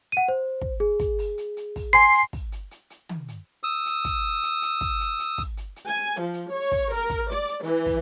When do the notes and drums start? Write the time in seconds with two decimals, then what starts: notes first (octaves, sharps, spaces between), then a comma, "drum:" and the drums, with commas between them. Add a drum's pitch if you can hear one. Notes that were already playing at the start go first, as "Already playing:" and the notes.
0.12 F#5 D#7
0.28 C5
0.61 drum: kick
0.80 G#4
1.00 drum: kick, hi-hat
1.19 drum: open hi-hat
1.38 drum: hi-hat
1.57 drum: hi-hat
1.76 drum: kick, open hi-hat
1.93 G#5 C6 C7, drum: hi-hat
2.14 drum: hi-hat
2.33 drum: kick, open hi-hat
2.52 drum: hi-hat
2.71 drum: hi-hat
2.90 drum: hi-hat
3.09 drum: tom
3.28 drum: hi-hat
3.63 D#6 E6
3.86 drum: hi-hat
4.05 drum: kick, hi-hat
4.43 drum: hi-hat
4.62 drum: hi-hat
4.81 drum: kick, open hi-hat
5.00 drum: hi-hat
5.19 drum: hi-hat
5.38 drum: kick, open hi-hat
5.57 drum: hi-hat
5.76 drum: hi-hat
5.87 G#5
6.20 F3
6.33 drum: hi-hat
6.52 C#5
6.72 drum: kick, hi-hat
6.92 A#4, drum: hi-hat
7.10 drum: kick, hi-hat
7.32 D5
7.48 drum: hi-hat
7.64 E3, drum: hi-hat
7.86 drum: kick, open hi-hat